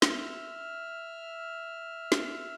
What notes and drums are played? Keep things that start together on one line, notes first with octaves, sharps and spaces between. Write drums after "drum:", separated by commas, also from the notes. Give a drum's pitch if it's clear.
E5 F6, drum: snare
drum: snare